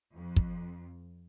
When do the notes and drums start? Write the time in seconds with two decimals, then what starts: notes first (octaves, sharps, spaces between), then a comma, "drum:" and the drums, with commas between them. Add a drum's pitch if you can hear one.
0.13 F2
0.36 drum: kick